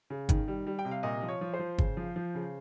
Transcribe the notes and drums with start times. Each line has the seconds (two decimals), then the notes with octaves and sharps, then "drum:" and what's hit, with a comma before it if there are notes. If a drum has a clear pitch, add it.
0.10 C#3
0.29 D#3, drum: kick G1, hi-hat
0.48 G3
0.67 G3
0.79 G5
0.85 C3
0.91 F5
1.03 A#2 D#5
1.23 F3
1.29 C#5
1.41 F3
1.54 C5
1.59 F3
1.78 C#3, drum: kick G1
1.97 F3
2.16 F3
2.35 C#3